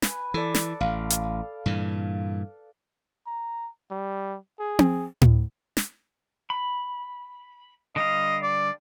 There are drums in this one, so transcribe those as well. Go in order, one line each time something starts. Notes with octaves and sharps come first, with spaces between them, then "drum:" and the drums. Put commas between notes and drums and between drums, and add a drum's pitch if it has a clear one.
B4 G#5, drum: snare
E3 A4 D5
drum: snare
A1 F5
drum: hi-hat
G2 A#2 E3
A#5
G3
G#4
drum: tom C4
drum: tom A2
drum: snare
B5
D3 G3 D#5 F5
D5